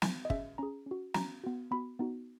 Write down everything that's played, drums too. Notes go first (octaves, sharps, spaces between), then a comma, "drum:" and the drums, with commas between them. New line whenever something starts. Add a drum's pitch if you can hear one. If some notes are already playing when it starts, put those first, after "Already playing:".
drum: snare
D#5
C#4 G#4 E5, drum: kick
C#4 G#4 A#5
C#4 F#4
C#4 F#4 A#5, drum: snare
B3 F#4
B3 F#4 B5
B3 D#4 F#4